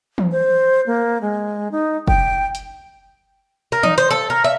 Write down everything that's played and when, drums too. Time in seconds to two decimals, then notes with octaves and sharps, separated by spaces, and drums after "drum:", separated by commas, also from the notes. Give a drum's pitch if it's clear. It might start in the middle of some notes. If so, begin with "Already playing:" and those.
0.18 drum: tom E3
0.32 C5
0.87 A#3
1.21 G#3
1.71 D#4
2.07 G5, drum: kick
2.55 drum: hi-hat
3.72 A#4
3.83 D#4, drum: tom D#3
3.98 C5, drum: hi-hat
4.11 A4
4.30 A#4
4.44 E5